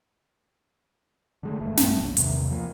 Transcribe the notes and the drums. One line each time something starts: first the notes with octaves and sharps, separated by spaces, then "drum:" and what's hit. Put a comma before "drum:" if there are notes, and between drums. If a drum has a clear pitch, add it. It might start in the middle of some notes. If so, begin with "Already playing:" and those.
D3 G#3 A3
D#1 G2 A3
B1 G2 A3 D4, drum: snare
F#1 B1
B1 E2 C3 D#3, drum: hi-hat
F3 A#3